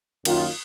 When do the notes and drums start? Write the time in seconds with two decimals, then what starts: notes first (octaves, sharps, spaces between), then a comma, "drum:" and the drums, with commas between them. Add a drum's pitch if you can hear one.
0.25 F#2 D#3 A#3 F4, drum: cymbal